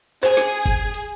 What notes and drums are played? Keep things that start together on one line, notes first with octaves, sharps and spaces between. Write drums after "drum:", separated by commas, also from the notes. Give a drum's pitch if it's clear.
G#4 C5
drum: snare
drum: kick F#1, hi-hat
drum: hi-hat